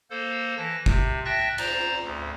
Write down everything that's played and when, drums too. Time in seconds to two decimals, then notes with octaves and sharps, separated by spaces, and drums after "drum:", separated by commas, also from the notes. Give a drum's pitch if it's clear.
0.10 A#3 A4 C5
0.57 E3 A5 A#6
0.86 C3, drum: kick
1.25 E5 G5 A5 F#6 A6 A#6
1.58 C5 D5 A#5, drum: cymbal
2.04 D2